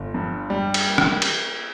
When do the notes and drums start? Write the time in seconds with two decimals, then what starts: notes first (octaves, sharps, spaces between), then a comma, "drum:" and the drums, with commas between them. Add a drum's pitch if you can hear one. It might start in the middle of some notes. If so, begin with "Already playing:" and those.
Already playing: G1
0.14 G2
0.50 G3
0.74 drum: cymbal
0.87 A#3
0.98 drum: rim click
1.22 drum: cymbal